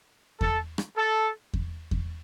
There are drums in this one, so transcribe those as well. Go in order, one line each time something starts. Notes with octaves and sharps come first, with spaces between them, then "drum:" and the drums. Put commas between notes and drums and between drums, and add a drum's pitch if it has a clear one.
A4, drum: kick E2
drum: rim click
A4
drum: kick E2
drum: kick E2